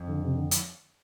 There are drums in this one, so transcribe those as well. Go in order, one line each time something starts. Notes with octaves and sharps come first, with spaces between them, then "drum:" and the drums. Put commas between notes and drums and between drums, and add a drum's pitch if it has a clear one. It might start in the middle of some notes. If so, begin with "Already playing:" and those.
Already playing: F2
D3
D3
C3
D3
drum: hi-hat